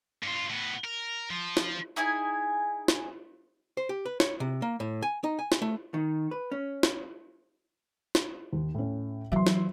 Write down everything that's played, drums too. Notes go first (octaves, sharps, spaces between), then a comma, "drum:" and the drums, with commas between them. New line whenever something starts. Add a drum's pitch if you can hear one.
G2 F4
A2 B3
A#4
F3
drum: snare
D#4 E4 G#4 G#5
drum: snare
C5
G4
B4
C#5, drum: snare
C3
A#3
A2
G#5
D#4
G#5
drum: snare
A3
D#3
B4
C#4
drum: snare
drum: snare
D#2
A2 C#4
E3 F#3 E5 C6
drum: snare